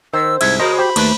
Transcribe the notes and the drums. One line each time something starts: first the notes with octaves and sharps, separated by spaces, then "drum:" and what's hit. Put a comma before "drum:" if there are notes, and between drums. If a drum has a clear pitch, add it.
D#3 C5 E6
C2 G#2 E5 G#6, drum: cymbal
C#3 G#3 F#4 A#4 C5 D#5
G4 C5 B5
D#2 A3 D4 B4, drum: cymbal